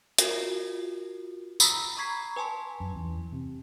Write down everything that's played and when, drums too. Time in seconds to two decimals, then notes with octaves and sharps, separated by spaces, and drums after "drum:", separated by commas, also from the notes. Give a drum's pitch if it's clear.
0.18 F4 F#4 A#4 C7, drum: hi-hat
1.60 A#5 B5 D#6 E6 A6 B6, drum: tambourine
1.97 A#5 B5 C#6 G#6 B6 C7
2.36 B4 G#5 A5 C6
2.80 F#2
2.95 E2
3.33 C3